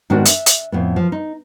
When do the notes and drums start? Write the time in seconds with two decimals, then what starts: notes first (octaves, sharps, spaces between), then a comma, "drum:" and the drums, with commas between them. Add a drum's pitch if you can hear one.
0.10 G#2 D#3 B3 C4 D4 F#4
0.26 E5, drum: hi-hat
0.46 drum: hi-hat
0.72 F2 A2 B3
0.96 F3
1.12 D#4